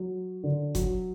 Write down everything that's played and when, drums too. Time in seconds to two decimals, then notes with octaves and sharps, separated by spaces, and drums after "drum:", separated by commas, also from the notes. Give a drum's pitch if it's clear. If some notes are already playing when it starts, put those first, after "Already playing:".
Already playing: F#3
0.43 D3
0.75 F#3, drum: kick F#1, hi-hat